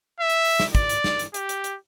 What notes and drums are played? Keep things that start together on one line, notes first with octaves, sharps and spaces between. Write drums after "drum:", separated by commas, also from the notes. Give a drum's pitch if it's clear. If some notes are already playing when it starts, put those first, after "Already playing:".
E5
drum: hi-hat
drum: open hi-hat
drum: snare
D5, drum: kick, hi-hat
drum: hi-hat
drum: snare
drum: hi-hat
G4, drum: hi-hat
drum: hi-hat
drum: hi-hat